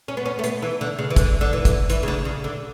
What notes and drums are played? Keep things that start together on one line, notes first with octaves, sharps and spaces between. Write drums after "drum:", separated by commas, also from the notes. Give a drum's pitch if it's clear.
C#4
B3
C#4
A3
B3, drum: hi-hat
E3
D3
C#3
E3
D3, drum: kick, hi-hat
D3
E3
drum: kick, hi-hat
E3, drum: hi-hat
C#3
D3
C#3
D3